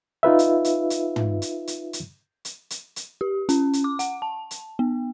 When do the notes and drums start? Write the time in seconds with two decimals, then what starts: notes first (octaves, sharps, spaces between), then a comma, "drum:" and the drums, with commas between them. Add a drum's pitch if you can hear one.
0.23 D#4 F4 B4 E5
0.39 drum: hi-hat
0.65 drum: hi-hat
0.90 drum: hi-hat
1.16 drum: tom
1.42 drum: hi-hat
1.67 drum: hi-hat
1.93 drum: hi-hat
2.45 drum: hi-hat
2.70 drum: hi-hat
2.96 drum: hi-hat
3.21 G4
3.49 C#4, drum: hi-hat
3.73 drum: hi-hat
3.84 D6
3.99 F#5, drum: hi-hat
4.22 A5
4.51 drum: hi-hat
4.79 B3